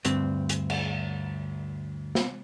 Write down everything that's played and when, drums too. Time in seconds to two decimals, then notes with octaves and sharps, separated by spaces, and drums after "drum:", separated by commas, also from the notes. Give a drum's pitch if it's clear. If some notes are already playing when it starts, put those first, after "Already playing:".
0.05 D2 G2 C4, drum: hi-hat
0.49 drum: hi-hat
0.70 drum: cymbal
2.15 drum: snare